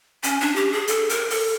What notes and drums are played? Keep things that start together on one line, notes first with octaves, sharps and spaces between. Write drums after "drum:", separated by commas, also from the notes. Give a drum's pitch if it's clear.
C#4, drum: hi-hat
D4
G4
G#4
A4, drum: hi-hat
A#4, drum: hi-hat
A4, drum: open hi-hat